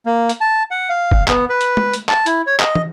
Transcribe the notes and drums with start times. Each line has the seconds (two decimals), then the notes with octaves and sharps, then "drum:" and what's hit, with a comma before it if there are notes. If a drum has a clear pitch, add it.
0.06 A#3
0.29 drum: hi-hat
0.41 A5
0.71 F#5
0.89 F5
1.11 drum: kick
1.28 B3, drum: clap
1.49 B4
1.61 drum: hi-hat
1.77 drum: tom G#3
1.93 drum: hi-hat
2.09 A5, drum: clap
2.26 E4, drum: hi-hat
2.47 C#5
2.60 D#5, drum: clap
2.75 drum: tom